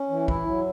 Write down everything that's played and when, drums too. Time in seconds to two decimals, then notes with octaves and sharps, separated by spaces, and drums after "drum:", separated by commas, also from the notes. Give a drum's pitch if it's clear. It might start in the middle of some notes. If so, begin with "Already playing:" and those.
Already playing: C#4
0.10 E3
0.28 E4, drum: kick
0.46 F#3